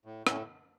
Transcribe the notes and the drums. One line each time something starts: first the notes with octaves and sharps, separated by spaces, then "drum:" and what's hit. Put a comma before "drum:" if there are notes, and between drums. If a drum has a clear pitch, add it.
A2
A2 C#4, drum: rim click